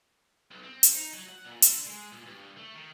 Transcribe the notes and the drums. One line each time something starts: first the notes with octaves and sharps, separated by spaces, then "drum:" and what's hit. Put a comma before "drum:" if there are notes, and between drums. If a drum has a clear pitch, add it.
B1
C4
drum: hi-hat
D#4
F#3
F#5
A#2
D3, drum: hi-hat
G#3
A#2
G2
A3
D#3